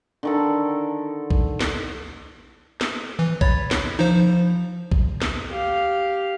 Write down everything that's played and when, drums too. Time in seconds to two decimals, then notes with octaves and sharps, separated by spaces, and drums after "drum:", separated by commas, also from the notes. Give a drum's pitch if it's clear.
0.23 D3 D#3 A4
1.31 drum: kick A#1
1.61 drum: snare
2.81 drum: snare
3.19 E3
3.41 C#5 B5 A6, drum: kick A#1
3.71 drum: snare
3.99 F3 D#4 C5
4.92 drum: kick A#1
5.22 drum: snare
5.50 G4 F5